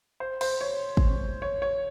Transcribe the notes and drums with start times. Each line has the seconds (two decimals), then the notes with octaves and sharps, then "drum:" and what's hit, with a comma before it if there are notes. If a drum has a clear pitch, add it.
0.20 C5
0.41 C5, drum: cymbal
0.61 C#5
0.97 drum: kick
1.42 C#5
1.62 C#5